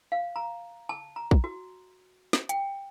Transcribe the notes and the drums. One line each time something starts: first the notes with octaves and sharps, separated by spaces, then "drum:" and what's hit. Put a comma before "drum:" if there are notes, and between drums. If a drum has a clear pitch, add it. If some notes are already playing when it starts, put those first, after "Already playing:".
F5
A#5
A5
A#5
drum: kick
F#4
drum: snare
G5, drum: hi-hat